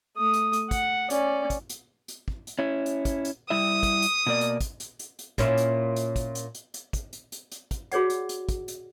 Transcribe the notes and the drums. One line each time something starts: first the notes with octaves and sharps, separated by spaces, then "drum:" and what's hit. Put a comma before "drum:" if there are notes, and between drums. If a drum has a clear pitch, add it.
A3 D#6
drum: hi-hat
drum: hi-hat
F#5, drum: kick, hi-hat
C#4 D5, drum: hi-hat
drum: kick, hi-hat
drum: hi-hat
drum: hi-hat
drum: kick
drum: hi-hat
C#4 E4
drum: hi-hat
drum: kick, hi-hat
drum: hi-hat
G3 E4 E5 D#6
drum: kick, hi-hat
drum: hi-hat
B2 A#3 D5
drum: hi-hat
drum: kick, hi-hat
drum: hi-hat
drum: hi-hat
drum: hi-hat
A#2 C#4 E4, drum: kick, hi-hat
drum: hi-hat
drum: hi-hat
drum: kick, hi-hat
drum: hi-hat
drum: hi-hat
drum: hi-hat
drum: kick, hi-hat
drum: hi-hat
drum: hi-hat
drum: hi-hat
drum: kick, hi-hat
F#4 G#4 C#5 D5 F#5, drum: hi-hat
drum: hi-hat
drum: hi-hat
drum: kick, hi-hat
drum: hi-hat